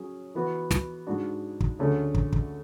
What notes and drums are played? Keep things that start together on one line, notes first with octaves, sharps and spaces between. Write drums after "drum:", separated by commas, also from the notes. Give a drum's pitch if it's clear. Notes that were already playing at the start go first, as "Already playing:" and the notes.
Already playing: F#3 C#4 G#4
E3 B3 F#4
drum: snare
G#2 G#3 D4 F#4
drum: kick
D2 D3 A3 C#4 G#4
drum: kick
drum: kick